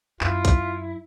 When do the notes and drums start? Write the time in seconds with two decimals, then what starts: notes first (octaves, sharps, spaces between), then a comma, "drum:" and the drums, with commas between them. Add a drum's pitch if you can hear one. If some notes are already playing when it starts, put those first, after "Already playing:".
0.21 F#2 E4 F4, drum: clap
0.45 drum: kick, hi-hat